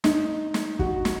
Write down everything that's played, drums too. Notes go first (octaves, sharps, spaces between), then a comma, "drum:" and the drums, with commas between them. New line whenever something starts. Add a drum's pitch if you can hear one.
D#4, drum: snare
drum: snare
F#4, drum: kick
drum: snare